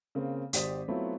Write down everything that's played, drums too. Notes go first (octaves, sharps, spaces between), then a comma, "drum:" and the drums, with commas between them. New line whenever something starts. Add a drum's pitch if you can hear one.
C#3 A#3 C4
G#1 G4 C5 D5 D#6 B6, drum: hi-hat
F#3 A3 B3 C4 E4 F4